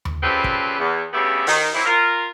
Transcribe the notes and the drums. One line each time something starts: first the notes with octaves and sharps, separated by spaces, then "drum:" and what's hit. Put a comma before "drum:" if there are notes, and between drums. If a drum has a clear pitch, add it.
drum: tom D#2
C#3 F3 G3 C4 A4 B4
drum: kick
E2
G2 C#3 A3 B3 G4 E5
D#3, drum: open hi-hat
E3 F#3 C4 E4
F4 A#4